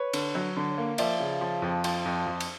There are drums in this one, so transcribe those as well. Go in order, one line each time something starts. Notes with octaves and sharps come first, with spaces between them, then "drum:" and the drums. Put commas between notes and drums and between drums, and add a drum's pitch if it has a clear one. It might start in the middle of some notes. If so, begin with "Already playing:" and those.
Already playing: B4 C#5
D3, drum: cymbal
F#3
D3
A#3
F3 D5 E5, drum: cymbal
C#3
F3
F2
F3, drum: cymbal
F2
F2
drum: cymbal